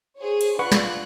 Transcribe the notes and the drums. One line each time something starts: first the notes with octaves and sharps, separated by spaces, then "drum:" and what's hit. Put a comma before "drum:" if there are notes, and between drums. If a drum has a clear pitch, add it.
G#4 C5 C#5
drum: cymbal
D4 F4 B4 F#5 C#6 F#6
drum: snare